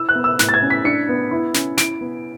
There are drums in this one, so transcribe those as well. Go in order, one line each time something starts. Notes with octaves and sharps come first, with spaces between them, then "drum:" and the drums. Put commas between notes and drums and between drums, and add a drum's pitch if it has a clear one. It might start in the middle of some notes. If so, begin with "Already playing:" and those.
Already playing: E4 E6
F#6
B3
E6
A2 F#6, drum: snare
A6
G#6
C#4
B6
D4 C#7
B3
E4
C#4, drum: snare
E4 D7, drum: snare
B3